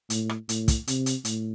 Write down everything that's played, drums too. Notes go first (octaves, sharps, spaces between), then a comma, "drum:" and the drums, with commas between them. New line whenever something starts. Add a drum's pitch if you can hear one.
A2, drum: hi-hat
drum: rim click
A2, drum: hi-hat
drum: kick, hi-hat
C3, drum: hi-hat
drum: hi-hat
A2, drum: hi-hat